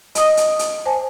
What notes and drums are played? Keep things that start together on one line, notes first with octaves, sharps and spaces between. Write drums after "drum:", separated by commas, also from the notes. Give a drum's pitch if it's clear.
D#5 D#6, drum: hi-hat
drum: hi-hat
drum: hi-hat
C5 G#5 A5